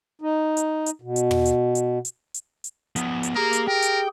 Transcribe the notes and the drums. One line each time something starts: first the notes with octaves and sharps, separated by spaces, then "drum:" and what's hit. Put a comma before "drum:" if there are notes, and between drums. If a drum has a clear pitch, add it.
D#4
drum: hi-hat
drum: hi-hat
B2
drum: hi-hat
drum: tom
drum: hi-hat
drum: hi-hat
drum: hi-hat
drum: hi-hat
drum: hi-hat
F3 B3, drum: hi-hat
drum: hi-hat
A#3 G4 G#4 A#4 A#5
drum: hi-hat
A#4 G5
drum: hi-hat